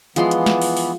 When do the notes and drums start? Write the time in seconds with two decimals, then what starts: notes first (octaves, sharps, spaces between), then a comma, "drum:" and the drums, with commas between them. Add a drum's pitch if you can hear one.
0.16 E3 F3 G#3 B3 C6, drum: hi-hat
0.31 drum: hi-hat
0.46 drum: snare
0.62 drum: open hi-hat
0.77 drum: open hi-hat